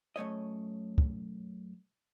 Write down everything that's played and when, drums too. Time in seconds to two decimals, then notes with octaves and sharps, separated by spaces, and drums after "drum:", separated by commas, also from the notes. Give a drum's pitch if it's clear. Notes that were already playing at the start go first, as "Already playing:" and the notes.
0.16 F#2 A3 C#5 D#5
0.98 drum: kick